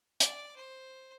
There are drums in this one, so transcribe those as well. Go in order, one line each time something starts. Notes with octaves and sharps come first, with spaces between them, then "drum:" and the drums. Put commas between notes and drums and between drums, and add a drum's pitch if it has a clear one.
D5 D6, drum: hi-hat
C5